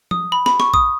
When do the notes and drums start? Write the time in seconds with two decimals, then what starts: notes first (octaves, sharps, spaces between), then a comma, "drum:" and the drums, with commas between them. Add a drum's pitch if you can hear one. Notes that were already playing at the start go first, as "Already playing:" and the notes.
0.11 D#6, drum: tom F3
0.32 B5
0.46 B5, drum: snare
0.60 C#6, drum: snare
0.74 D#6, drum: kick A#1